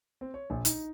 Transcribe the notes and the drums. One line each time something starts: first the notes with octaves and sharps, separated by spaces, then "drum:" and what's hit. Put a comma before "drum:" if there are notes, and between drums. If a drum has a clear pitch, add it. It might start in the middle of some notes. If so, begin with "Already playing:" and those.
C4
C#5
A#1
D#4, drum: hi-hat